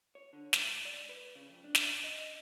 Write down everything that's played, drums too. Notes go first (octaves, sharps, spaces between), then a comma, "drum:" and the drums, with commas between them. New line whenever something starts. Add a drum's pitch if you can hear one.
C#5
D3
G#2, drum: snare
D5
B4
C#3
F2
D4
drum: snare
D#5